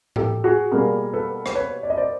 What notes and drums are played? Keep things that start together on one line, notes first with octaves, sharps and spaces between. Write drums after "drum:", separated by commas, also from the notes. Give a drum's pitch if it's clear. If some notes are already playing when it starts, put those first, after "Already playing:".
G4 A4, drum: tom A2
F#4 G#4
B2 G3 A#3 G#4 A#4
A4 B4
C5, drum: rim click
B4 C#5
D5
D#5
C5 D5